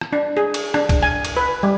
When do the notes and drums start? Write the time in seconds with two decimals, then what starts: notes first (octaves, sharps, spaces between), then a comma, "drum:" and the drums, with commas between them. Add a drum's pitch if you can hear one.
0.01 drum: rim click
0.13 D4
0.37 G#4
0.54 drum: cymbal
0.74 D4, drum: rim click
0.89 drum: kick, cymbal
1.03 G#5
1.25 drum: cymbal
1.37 B4
1.63 G3